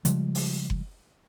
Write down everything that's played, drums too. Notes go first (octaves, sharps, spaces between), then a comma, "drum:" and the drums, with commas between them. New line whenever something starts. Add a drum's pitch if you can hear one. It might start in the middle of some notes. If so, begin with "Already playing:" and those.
C#3 F3 G3 G#3, drum: hi-hat
drum: open hi-hat
drum: kick F#1